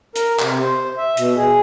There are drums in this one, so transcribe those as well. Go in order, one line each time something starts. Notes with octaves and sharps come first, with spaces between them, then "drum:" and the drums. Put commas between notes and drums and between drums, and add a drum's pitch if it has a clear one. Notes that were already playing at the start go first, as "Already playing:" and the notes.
A#4, drum: hi-hat
C3, drum: clap
C5
E5
B2, drum: hi-hat
G#4